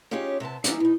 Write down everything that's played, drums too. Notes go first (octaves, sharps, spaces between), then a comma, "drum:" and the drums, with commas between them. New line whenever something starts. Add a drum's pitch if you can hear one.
C#4 D#4 F4 G4 G#4 C#5
C3 B3 C4 A5
E3 G3 A#3 C4 D#4, drum: hi-hat
B2 D#4